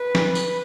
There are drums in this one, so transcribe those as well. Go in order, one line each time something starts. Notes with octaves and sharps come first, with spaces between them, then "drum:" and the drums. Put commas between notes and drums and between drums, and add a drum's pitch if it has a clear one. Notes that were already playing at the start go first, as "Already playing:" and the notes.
Already playing: B4
drum: snare
drum: tambourine